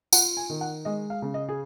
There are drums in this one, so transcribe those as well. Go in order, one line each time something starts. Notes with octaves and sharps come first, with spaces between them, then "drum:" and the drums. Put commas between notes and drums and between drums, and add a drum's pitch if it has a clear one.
F4 F#5, drum: tambourine
G#5
D#3
F#5
G#3 D#5
F5
C#3
D#5
G#4